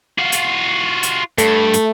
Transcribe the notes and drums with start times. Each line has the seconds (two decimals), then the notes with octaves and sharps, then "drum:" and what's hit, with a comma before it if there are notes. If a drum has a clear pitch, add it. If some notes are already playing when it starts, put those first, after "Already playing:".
0.19 F4 F#4
0.32 drum: hi-hat
1.03 drum: hi-hat
1.38 G2 A3, drum: hi-hat
1.74 drum: hi-hat